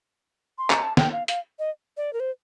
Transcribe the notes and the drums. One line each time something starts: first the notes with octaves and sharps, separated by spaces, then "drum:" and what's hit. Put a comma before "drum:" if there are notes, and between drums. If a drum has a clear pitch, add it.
C6
A#5, drum: clap
A5
G5, drum: snare
F5
F5, drum: hi-hat
D#5
D5
A#4
C5